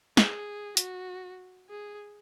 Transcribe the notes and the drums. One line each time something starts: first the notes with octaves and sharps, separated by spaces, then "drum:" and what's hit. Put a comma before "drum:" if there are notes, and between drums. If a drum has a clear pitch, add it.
G#4, drum: snare
F#4, drum: hi-hat
G#4